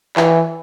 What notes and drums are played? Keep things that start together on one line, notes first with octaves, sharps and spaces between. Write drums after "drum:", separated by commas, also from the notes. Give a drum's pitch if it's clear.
E3, drum: clap